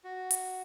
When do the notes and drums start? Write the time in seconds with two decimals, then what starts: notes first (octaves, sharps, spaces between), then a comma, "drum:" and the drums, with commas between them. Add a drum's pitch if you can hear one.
0.04 F#4
0.31 drum: hi-hat